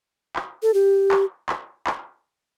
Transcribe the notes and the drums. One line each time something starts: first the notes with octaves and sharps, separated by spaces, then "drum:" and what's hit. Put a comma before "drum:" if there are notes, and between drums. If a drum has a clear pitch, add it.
drum: clap
A4
G4
drum: clap
drum: clap
drum: clap